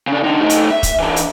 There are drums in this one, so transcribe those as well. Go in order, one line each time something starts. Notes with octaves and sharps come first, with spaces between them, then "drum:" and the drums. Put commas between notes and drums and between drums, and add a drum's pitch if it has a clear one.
C#3 D4
D3 D#4
A3 D#4
drum: hi-hat
E5
drum: kick, hi-hat
E3 D4
drum: hi-hat